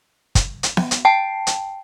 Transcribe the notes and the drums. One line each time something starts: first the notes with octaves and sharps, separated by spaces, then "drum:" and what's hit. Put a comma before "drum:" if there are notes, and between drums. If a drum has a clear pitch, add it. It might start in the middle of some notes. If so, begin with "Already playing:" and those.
drum: kick, hi-hat
drum: hi-hat
drum: snare B3
drum: hi-hat
G5 A5
drum: hi-hat